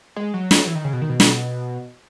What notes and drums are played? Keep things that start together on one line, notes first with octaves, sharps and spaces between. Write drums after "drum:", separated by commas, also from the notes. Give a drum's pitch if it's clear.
G#3
F#3
G#3, drum: snare
F#3
E3
D#3
C#3
B2
D#3
B2
drum: snare